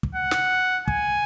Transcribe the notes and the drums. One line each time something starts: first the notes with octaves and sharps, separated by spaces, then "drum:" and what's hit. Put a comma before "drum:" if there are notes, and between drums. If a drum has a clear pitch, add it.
drum: kick
F#5
drum: snare
G#5, drum: kick